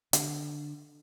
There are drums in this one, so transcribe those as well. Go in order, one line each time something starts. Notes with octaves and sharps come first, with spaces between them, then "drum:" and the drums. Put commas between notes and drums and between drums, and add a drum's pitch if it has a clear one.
D3, drum: hi-hat